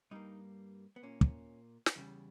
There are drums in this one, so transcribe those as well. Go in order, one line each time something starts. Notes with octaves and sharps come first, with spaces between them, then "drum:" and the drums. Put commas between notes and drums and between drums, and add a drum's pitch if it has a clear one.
G2 G3 A#3 D#4
B3
A#2 A#3 C#4
drum: kick
drum: snare
E2 C#3 G3